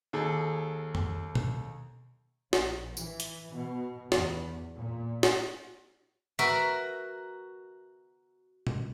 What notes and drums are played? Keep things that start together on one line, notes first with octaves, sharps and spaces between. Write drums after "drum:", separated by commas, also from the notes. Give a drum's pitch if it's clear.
D#2 G#4 A4
drum: tom F2
drum: tom B2
A#1, drum: snare
E3, drum: tambourine
drum: hi-hat
B2
E2, drum: snare
A#2
drum: snare
F#4 A#4 B4 E5
drum: tom B2